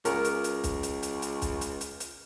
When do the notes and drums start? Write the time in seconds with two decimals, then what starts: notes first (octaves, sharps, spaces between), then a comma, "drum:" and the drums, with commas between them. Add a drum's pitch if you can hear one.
0.05 C#2 A#4, drum: hi-hat
0.25 drum: hi-hat
0.44 drum: hi-hat
0.64 drum: kick, hi-hat
0.83 drum: hi-hat
1.03 drum: hi-hat
1.22 drum: hi-hat
1.42 drum: kick, hi-hat
1.61 drum: hi-hat
1.81 drum: hi-hat
2.00 drum: hi-hat